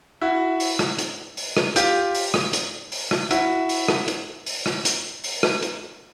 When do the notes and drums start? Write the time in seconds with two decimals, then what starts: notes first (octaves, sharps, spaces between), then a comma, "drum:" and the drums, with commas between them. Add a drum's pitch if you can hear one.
0.21 E4 F#4
0.60 drum: open hi-hat
0.79 drum: rim click
0.99 drum: hi-hat
1.37 drum: open hi-hat
1.57 drum: rim click
1.76 F4 G4, drum: hi-hat
2.15 drum: open hi-hat
2.34 drum: rim click
2.53 drum: hi-hat
2.92 drum: open hi-hat
3.11 drum: rim click
3.31 E4 F#4, drum: hi-hat
3.69 drum: open hi-hat
3.88 drum: rim click
4.08 drum: hi-hat
4.46 drum: open hi-hat
4.66 drum: rim click
4.85 drum: hi-hat
5.24 drum: open hi-hat
5.43 drum: rim click
5.62 drum: hi-hat